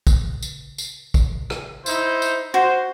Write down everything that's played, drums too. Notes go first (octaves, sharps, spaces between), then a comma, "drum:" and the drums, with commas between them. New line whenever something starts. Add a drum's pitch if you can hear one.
drum: kick, tambourine
drum: tambourine
drum: tambourine
drum: kick, tambourine
drum: rim click
D#4 E4 C5, drum: tambourine
drum: tambourine
F#4 C5